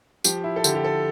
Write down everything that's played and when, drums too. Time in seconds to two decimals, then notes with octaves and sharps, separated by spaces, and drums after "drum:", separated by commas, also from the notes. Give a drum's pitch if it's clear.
0.24 F3 G4, drum: tambourine
0.44 E4
0.56 A4
0.64 D3 G4, drum: tambourine
0.75 G4
0.84 A4